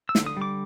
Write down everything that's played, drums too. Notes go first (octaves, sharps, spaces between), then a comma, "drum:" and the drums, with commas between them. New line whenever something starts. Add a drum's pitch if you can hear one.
E6
D3, drum: snare
D#6
G3 D6